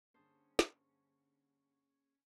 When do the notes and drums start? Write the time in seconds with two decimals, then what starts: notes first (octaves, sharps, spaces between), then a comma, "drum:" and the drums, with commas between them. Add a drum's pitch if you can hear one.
0.14 G2 D3 A#3 C#4 G#4 C5 A5 D#6
0.59 drum: snare